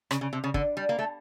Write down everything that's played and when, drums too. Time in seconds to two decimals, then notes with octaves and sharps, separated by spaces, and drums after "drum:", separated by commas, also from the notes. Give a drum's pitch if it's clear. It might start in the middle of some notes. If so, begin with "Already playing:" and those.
0.11 C#3, drum: rim click
0.21 C#3
0.33 C3
0.44 C#3
0.54 D3, drum: kick
0.77 G3
0.89 A#3
0.99 A3